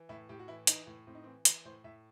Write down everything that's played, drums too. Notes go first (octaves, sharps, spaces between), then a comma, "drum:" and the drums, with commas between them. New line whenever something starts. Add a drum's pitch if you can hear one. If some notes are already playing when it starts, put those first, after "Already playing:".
Already playing: E3
A2 E4
A2 G4
F#4
E3 E4
E3 D#4, drum: hi-hat
A2
A2 C4
D#4
E3 C4
E3 B4, drum: hi-hat
A2 C5
A2 E5